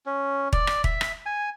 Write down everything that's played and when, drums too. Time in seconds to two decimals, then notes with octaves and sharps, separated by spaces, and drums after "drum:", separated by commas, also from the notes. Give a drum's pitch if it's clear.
0.06 C#4
0.53 D5, drum: kick E1
0.67 drum: rim click
0.84 E5, drum: kick E1
1.01 drum: rim click
1.26 G#5